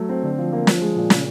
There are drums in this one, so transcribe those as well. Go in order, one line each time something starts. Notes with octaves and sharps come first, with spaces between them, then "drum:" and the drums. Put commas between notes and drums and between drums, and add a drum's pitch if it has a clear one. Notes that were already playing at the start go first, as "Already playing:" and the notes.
Already playing: F#3 A3
C4
D3
F3
A#3
F3, drum: snare
G#3
A#2
C#3, drum: snare